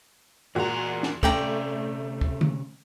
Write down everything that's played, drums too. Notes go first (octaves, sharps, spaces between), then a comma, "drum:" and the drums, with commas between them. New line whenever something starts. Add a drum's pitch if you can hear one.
E2 A#2 G#3 F#4 A#5
drum: snare
C3 A3 C#4 D5 G5 A#5, drum: kick
drum: kick
drum: tom